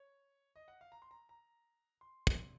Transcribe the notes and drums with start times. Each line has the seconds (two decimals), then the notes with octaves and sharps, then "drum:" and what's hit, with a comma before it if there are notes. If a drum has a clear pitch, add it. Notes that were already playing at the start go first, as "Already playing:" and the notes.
Already playing: C#5
0.56 D#5
0.68 F#5
0.81 F5
0.92 A#5
1.02 C6
1.11 A#5
1.29 A#5
2.01 C6
2.27 drum: kick